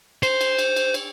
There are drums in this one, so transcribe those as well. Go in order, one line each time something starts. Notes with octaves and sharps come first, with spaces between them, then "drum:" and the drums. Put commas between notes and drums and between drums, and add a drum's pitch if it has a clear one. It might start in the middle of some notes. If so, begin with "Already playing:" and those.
C5, drum: cymbal
drum: cymbal
drum: cymbal
drum: cymbal
drum: cymbal